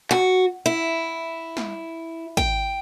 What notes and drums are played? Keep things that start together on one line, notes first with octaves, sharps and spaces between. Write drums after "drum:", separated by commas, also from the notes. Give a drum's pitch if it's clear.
F#4, drum: clap
E4
drum: snare
G5, drum: kick